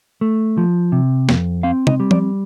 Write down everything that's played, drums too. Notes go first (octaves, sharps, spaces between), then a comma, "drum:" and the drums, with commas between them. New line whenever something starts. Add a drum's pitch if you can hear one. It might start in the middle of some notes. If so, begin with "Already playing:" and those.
A3
F3
C3
F2, drum: snare
C4 F5
D#5, drum: tom C3
G3
D5, drum: tom F3